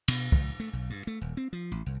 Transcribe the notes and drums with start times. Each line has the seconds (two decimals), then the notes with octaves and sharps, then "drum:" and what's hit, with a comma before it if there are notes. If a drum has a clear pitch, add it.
0.08 B2, drum: cymbal
0.32 C#2, drum: kick
0.60 A3
0.73 B1
0.90 G2
1.07 A3
1.21 D#1
1.37 C4
1.53 F3
1.72 A1
1.86 C2